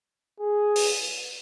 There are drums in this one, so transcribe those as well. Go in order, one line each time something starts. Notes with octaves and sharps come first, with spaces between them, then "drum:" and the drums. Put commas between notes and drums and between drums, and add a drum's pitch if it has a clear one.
G#4
drum: open hi-hat